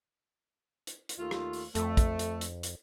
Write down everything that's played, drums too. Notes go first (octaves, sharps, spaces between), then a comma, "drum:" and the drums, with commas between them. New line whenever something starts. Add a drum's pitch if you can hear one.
drum: hi-hat
drum: hi-hat
D#2 A3 F4
drum: rim click
drum: open hi-hat
F2 A3, drum: hi-hat
drum: kick, hi-hat
drum: hi-hat
drum: hi-hat
drum: hi-hat